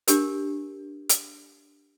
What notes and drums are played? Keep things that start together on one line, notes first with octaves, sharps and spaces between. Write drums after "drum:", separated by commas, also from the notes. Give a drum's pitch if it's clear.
D4 G4 A#4, drum: hi-hat
drum: hi-hat